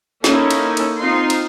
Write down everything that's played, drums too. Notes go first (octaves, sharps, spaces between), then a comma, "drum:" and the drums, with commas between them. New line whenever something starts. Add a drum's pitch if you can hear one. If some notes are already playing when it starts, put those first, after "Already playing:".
A#3 C#4 D#4 E4 A4, drum: snare
drum: cymbal
drum: cymbal
C4 D#4 F4 C6
drum: cymbal